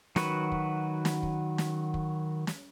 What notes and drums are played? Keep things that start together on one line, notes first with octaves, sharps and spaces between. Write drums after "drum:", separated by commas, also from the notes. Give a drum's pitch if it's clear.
D#3 F#3 F#4 B4, drum: snare
drum: kick
drum: snare
drum: kick
drum: snare
drum: kick
drum: snare